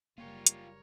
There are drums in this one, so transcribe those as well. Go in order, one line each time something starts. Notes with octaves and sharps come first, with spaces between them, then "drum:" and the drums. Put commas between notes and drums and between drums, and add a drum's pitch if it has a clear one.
F#1 G3 A#3 F4 G4 A#4 C#5
drum: hi-hat